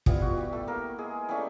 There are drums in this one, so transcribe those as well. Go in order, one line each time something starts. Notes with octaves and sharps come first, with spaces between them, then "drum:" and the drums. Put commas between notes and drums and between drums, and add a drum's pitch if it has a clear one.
G3 B3 E4 F4, drum: kick
F#4
G3 G4
A3 A4
A#3 A#4
G#3 G#4
G3 A3 C#4 E4 G4